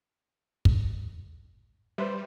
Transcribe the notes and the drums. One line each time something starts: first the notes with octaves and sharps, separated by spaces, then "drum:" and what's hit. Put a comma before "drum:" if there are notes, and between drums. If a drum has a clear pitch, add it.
drum: kick
G3 B4 C5 E5